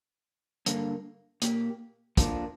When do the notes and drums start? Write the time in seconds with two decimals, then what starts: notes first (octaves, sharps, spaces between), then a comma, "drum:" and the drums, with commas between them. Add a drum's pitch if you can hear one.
0.66 G2 D3 A#3, drum: hi-hat
1.42 A#2 A#3 G4, drum: hi-hat
2.17 F2 F3 A#3 D4 F4, drum: kick, hi-hat